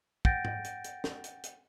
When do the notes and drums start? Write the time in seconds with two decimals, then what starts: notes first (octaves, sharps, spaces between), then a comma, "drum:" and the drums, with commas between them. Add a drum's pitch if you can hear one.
0.25 F#5 G5 G6 A6 A#6 D7, drum: kick
0.45 drum: tom G#2
0.64 drum: hi-hat
0.84 drum: hi-hat
1.04 drum: snare
1.24 drum: hi-hat
1.43 drum: hi-hat